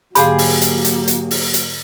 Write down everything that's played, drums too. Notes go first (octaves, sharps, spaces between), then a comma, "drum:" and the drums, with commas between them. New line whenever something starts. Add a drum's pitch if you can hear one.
G#2 D3 F#3 A#3 G4 G#4 F5 B5, drum: hi-hat
drum: open hi-hat
drum: hi-hat
drum: hi-hat
drum: hi-hat
drum: open hi-hat
drum: hi-hat